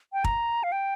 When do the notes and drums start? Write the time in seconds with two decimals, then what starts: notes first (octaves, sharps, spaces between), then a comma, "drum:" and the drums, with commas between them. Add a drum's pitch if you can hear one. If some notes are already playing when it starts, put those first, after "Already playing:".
0.13 G5
0.24 A#5, drum: kick
0.64 F5
0.72 G5